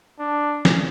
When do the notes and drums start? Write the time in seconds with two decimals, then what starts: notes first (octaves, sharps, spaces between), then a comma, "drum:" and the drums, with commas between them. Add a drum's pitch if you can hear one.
0.20 D4
0.65 drum: snare